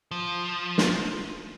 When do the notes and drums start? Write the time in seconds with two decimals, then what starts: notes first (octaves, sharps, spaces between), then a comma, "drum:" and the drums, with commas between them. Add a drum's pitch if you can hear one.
0.11 F3
0.78 drum: snare